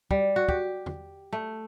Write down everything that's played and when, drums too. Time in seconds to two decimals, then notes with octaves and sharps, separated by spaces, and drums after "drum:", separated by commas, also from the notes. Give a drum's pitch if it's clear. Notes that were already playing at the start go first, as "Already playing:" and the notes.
0.11 G3, drum: kick
0.36 F#4
0.49 G4, drum: kick
0.86 drum: tom
1.33 A3